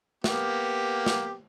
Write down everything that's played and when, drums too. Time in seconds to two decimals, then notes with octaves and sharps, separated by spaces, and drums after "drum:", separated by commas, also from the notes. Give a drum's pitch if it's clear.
0.24 A#3 B3 G4, drum: snare
1.06 drum: snare